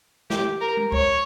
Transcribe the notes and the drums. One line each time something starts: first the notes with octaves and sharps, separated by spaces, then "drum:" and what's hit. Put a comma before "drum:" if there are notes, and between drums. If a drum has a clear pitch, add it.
G4, drum: snare
A#4
drum: tom G#3
C#5, drum: kick C#2